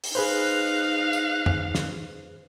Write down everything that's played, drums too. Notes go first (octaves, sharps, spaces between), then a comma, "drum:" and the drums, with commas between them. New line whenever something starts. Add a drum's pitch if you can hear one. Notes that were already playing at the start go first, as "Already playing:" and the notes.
drum: open hi-hat
D#4 G#4 B4 C5 F5 F#6
drum: tambourine
drum: tom
drum: snare